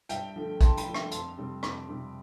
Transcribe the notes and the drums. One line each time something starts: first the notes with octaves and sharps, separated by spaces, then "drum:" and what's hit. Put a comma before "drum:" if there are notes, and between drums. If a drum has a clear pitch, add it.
G2 E5 G5, drum: hi-hat
D3 F3 A3
G2 A5 C6, drum: kick, hi-hat
G5 B5, drum: hi-hat
D3 F3 A3
E5 G5, drum: rim click
F2 A5 C6, drum: hi-hat
C3 G3 C4
F2 B5 D6, drum: rim click
C3 G3 C4